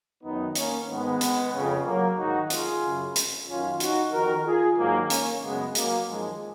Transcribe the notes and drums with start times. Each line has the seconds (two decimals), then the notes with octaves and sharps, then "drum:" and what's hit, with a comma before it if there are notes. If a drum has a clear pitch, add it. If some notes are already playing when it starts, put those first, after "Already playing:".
0.23 F#2 D#3 B3 D#4
0.55 A#3 C#4, drum: hi-hat
0.88 G#2 D#3 G#3 B3
1.21 drum: hi-hat
1.53 F2 C#3
1.86 F#3 A#3
2.18 G#2 D#3 D#4 F#4
2.50 F4 G#4, drum: hi-hat
2.83 F#2 C#3
3.16 drum: hi-hat
3.48 F#2 D#3 C#4 F4
3.80 D#4 F#4, drum: hi-hat
4.12 F2 D#3 F#4 A#4
4.45 F4 G#4
4.77 G#2 D#3 F#3 A#3
5.10 A#3 C#4, drum: hi-hat
5.43 F#2 C#3 G#3 B3
5.75 F#3 A#3, drum: hi-hat
6.07 F#2 D#3 F3 G#3